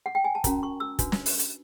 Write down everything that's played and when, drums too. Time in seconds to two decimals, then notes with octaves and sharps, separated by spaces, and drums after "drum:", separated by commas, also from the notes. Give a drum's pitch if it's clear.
0.06 F#5
0.15 G5
0.24 G#5
0.35 A5
0.44 C#4 F#4 A#4 A#5, drum: kick, hi-hat
0.63 C#6
0.80 E6
0.99 D4 F#4 B4, drum: kick, hi-hat
1.12 drum: snare
1.26 drum: open hi-hat
1.39 drum: hi-hat